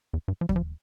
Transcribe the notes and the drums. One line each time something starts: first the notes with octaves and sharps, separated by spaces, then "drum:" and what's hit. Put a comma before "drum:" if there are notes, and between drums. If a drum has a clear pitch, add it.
E2
G2
F3
G3, drum: kick D#2
F3